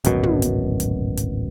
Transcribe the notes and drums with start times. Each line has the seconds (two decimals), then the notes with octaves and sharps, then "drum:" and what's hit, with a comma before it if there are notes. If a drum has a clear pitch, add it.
0.04 D1 G#1 F#2 B2, drum: hi-hat
0.23 drum: tom
0.42 drum: hi-hat
0.80 drum: hi-hat
1.17 drum: hi-hat